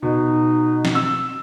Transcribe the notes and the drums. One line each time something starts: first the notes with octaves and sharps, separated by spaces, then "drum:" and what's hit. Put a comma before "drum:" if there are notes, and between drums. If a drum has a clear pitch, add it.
B2 D#4
drum: snare
E6